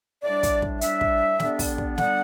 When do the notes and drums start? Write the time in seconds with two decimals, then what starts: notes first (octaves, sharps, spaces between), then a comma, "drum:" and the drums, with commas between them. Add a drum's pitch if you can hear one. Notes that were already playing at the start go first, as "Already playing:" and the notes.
0.24 A2 G3 D4 D5
0.43 drum: kick, hi-hat
0.62 drum: kick
0.81 A2 G3 D4 E5, drum: hi-hat
1.01 drum: kick
1.40 D3 G3 B3 D4, drum: snare
1.59 drum: kick, open hi-hat
1.78 drum: kick
1.98 D3 G3 B3 D4 F#5, drum: snare